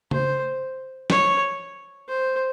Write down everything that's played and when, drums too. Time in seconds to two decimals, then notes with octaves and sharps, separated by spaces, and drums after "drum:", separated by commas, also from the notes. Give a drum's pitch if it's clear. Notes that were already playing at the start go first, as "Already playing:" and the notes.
0.11 C5, drum: tom C#3
1.10 C#5, drum: snare
2.08 C5